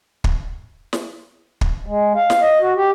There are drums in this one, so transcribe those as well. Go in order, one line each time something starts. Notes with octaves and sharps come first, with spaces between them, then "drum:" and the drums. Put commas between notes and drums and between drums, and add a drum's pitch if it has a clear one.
drum: kick
drum: snare
drum: kick
G#3
F5
drum: snare
D#5
F#4
G4